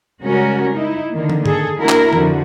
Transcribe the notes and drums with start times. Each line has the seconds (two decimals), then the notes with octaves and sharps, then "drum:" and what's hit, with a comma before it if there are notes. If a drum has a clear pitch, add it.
0.22 C#3 G3 G#3 C#4 F#4 A#4
0.75 D#4 E4
1.11 D3 D#3 A#3
1.30 drum: tom
1.46 G#4 A4, drum: tom G#2
1.79 A#3 D4 E4 F#4 A#4
1.89 drum: clap
2.13 F2 D3 F3 F#4, drum: tom D#3